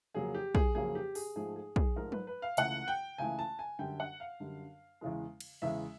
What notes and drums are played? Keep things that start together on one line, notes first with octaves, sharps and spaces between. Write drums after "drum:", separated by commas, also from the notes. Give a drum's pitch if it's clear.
F2 C#3 F#3 A#3 G#4
G4
G#4, drum: kick
F2 C#3 F#3 A#3 G#4
G4
G#4, drum: open hi-hat
G#2 F3 A3 G#4
G#4
G#4, drum: kick
G#2 F3 A3 A#4
B4, drum: tom F#3
B4
F5
C#2 C#3 E3 A3 F#5, drum: hi-hat
G5
C#2 C#3 E3 A3 G#5
A5
G#5
F#2 D3 G3 G5
F#5
F5
F#2 D3 G3
E2 C#3 E3 G#3
drum: cymbal
E2 C#3 E3 G#3 E5